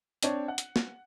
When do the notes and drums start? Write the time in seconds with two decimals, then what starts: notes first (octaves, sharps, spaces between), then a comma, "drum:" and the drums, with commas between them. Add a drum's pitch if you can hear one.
0.23 C4 D4 C#5, drum: hi-hat
0.48 F#5
0.58 drum: hi-hat
0.76 drum: snare